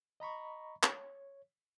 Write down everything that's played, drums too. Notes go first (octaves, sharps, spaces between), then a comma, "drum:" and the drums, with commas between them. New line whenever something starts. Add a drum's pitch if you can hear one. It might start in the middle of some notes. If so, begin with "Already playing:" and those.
D#5 A#5 B5 C#6
C#5, drum: clap